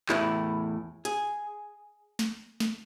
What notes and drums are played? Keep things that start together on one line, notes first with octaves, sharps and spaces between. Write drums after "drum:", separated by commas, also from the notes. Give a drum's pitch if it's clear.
E2 A2 E4 B4, drum: clap
G#4, drum: hi-hat
drum: snare
drum: snare